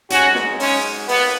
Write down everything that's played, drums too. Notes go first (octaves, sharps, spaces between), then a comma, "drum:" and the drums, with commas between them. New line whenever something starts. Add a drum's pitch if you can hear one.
G#2 F#3 C#4 F#4, drum: hi-hat
drum: snare
G#3 C#4, drum: open hi-hat
D#2 B3, drum: open hi-hat